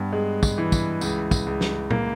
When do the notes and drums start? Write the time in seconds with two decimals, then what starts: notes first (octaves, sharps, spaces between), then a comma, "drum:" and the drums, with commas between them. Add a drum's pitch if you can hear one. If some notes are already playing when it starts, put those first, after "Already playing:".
Already playing: G2 B3
0.13 G#3
0.43 drum: kick, tambourine
0.58 E3
0.72 drum: kick, tambourine
1.01 C#2, drum: tambourine
1.31 drum: kick, tambourine
1.46 C#2
1.61 drum: snare
1.91 A#3, drum: tom A#2